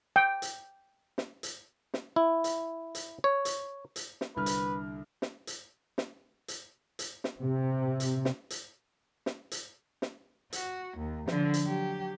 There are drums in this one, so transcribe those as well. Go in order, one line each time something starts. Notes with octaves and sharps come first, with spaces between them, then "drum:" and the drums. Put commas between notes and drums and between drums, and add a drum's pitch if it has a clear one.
G5
drum: hi-hat
drum: snare
drum: hi-hat
drum: snare
E4
drum: hi-hat
drum: hi-hat
C#5
drum: hi-hat
drum: hi-hat
drum: snare
C2 D3 B4 F6
drum: hi-hat
drum: snare
drum: hi-hat
drum: snare
drum: hi-hat
drum: hi-hat
drum: snare
C3
drum: hi-hat
drum: snare
drum: hi-hat
drum: snare
drum: hi-hat
drum: snare
F#4, drum: hi-hat
D#2
D3 F3, drum: snare
drum: hi-hat
F#3 G4